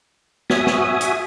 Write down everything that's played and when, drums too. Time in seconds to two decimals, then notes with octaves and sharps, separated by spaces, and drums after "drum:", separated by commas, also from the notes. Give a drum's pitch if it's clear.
0.50 F#4 E5 G#5 D#6, drum: snare
0.67 drum: snare
1.01 drum: hi-hat